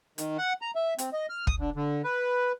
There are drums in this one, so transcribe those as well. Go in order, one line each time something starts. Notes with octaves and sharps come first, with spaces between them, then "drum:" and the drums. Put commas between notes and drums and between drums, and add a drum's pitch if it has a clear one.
D#3, drum: hi-hat
F#5
A#5
E5
C4, drum: hi-hat
D#5
F6
D#6, drum: kick
D3
D3
B4